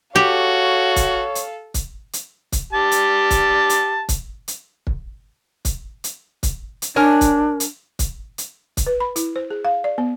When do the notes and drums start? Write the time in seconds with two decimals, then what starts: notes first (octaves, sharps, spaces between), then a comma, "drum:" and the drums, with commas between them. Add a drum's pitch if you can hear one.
0.16 F#4 G4 A4 C#5 F5
0.96 drum: kick, hi-hat
1.35 drum: hi-hat
1.74 drum: kick, hi-hat
2.13 drum: hi-hat
2.52 drum: kick, hi-hat
2.73 G4 A5
2.91 drum: hi-hat
3.31 drum: kick, hi-hat
3.70 drum: hi-hat
4.09 drum: kick, hi-hat
4.48 drum: hi-hat
4.87 drum: kick
5.65 drum: kick, hi-hat
6.04 drum: hi-hat
6.43 drum: kick, hi-hat
6.82 drum: hi-hat
6.96 D4 A#4 C#5 G#5
7.21 drum: kick, hi-hat
7.60 drum: hi-hat
7.99 drum: kick, hi-hat
8.38 drum: hi-hat
8.77 drum: kick, hi-hat
8.87 B4
9.00 B5
9.16 E4, drum: hi-hat
9.36 C5
9.51 G#4
9.65 F5
9.84 D5
9.98 B3